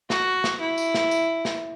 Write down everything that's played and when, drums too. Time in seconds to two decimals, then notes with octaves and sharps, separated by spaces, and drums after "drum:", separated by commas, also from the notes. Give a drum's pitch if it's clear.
0.10 F#4, drum: snare
0.44 drum: snare
0.61 E4
0.78 drum: tambourine
0.94 drum: snare
1.11 drum: tambourine
1.45 drum: snare